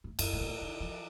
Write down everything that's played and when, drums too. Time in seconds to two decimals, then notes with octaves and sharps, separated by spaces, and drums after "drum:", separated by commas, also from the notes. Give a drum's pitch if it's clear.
0.04 A2
0.19 F#2, drum: cymbal
0.33 A2
0.41 A#2
0.47 A2
0.61 D#3
0.81 F3